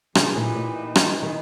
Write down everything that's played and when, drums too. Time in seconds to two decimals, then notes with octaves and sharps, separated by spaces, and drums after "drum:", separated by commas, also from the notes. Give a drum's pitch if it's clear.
0.15 C#3 E3 A#3 D#4 G4 B4, drum: rim click
0.36 A#2
0.56 A#2
0.95 D#3, drum: rim click
1.23 D#3